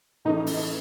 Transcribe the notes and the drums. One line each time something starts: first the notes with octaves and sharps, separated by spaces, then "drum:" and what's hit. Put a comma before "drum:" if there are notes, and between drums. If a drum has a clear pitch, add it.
A2 E3 A3 C#4 D#4
drum: open hi-hat